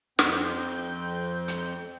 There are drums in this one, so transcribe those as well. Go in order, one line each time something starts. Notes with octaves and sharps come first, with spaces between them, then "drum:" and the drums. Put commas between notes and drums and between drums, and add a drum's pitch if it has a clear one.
F2 C4 G6, drum: snare
drum: hi-hat